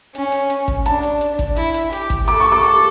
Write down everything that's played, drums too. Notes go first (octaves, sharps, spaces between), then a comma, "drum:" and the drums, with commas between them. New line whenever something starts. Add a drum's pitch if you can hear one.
C#4, drum: hi-hat
drum: hi-hat
drum: hi-hat
drum: kick, hi-hat
D4 A5, drum: hi-hat
drum: hi-hat
drum: hi-hat
drum: kick, hi-hat
E4, drum: hi-hat
drum: hi-hat
G4, drum: hi-hat
drum: kick, hi-hat
A4 D6, drum: hi-hat
C#6
D6
drum: hi-hat